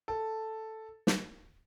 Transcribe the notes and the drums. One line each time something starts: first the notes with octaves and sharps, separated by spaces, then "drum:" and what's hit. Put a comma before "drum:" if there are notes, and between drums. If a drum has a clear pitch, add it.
A4
drum: snare